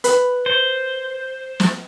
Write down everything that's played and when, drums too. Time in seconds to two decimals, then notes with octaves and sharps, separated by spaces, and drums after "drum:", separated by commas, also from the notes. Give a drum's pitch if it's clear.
0.04 B4, drum: hi-hat
0.46 C5
1.60 drum: snare